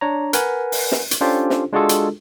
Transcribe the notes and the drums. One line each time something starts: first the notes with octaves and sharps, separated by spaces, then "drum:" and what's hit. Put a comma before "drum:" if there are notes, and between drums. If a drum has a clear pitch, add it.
D4 C#5 A#5
A#4 B4 F#5 G#5, drum: hi-hat
drum: open hi-hat
drum: snare
drum: hi-hat
C#4 D4 F4 G4 A4 C5
drum: snare
G#3 D4 F4 F#4 G#4 A4
drum: hi-hat